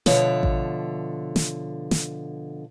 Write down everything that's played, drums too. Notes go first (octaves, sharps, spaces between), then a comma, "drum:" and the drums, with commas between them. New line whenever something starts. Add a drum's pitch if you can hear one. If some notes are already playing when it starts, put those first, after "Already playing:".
B2 D3 F3 C#5 E5, drum: snare
drum: kick A1
drum: snare
drum: snare